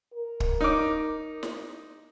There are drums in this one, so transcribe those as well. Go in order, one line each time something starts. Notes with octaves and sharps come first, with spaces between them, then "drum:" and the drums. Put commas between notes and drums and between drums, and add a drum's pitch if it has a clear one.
A#4
drum: kick
D#4 D6
drum: snare